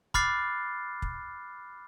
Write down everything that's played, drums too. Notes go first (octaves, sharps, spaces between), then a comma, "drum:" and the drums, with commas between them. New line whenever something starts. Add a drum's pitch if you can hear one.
B5 D6 F6 F#6 A6 C7, drum: kick
drum: kick